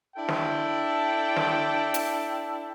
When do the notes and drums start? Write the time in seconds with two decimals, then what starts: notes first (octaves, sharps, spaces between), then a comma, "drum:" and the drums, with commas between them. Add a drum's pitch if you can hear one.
0.16 D4 E4 A4 G5
0.29 drum: snare
1.36 drum: snare
1.94 drum: hi-hat